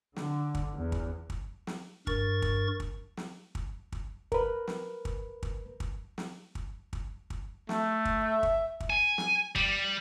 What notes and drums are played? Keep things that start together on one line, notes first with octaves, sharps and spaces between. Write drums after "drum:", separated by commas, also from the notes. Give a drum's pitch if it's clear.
D3, drum: snare
drum: kick
E2
drum: kick
drum: kick
drum: snare
G2 A#4 C#6 A6, drum: kick
drum: kick
drum: kick
drum: snare
drum: kick
drum: kick
A#4 B4, drum: kick
drum: snare
drum: kick
drum: kick
drum: kick
drum: snare
drum: kick
drum: kick
drum: kick
A3, drum: snare
drum: kick
E5
drum: kick
drum: kick
G#5
drum: snare
G3, drum: kick